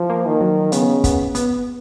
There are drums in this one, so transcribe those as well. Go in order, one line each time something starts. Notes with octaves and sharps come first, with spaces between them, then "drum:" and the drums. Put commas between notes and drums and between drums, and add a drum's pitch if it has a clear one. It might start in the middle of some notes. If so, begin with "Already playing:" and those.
Already playing: F3
A#3
D#3
F#3
C#3 B3, drum: hi-hat
B3, drum: kick, hi-hat
B3, drum: hi-hat